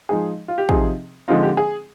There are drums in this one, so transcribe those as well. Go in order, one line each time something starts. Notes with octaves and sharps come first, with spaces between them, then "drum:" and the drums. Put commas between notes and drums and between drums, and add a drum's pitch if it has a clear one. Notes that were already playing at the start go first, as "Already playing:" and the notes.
F3 G#3 D#4 G#4
F4
G4
C3 F3 C4 D#4 G#4, drum: kick
D3 F3 G#3 C4 D#4 F4
G4
G#4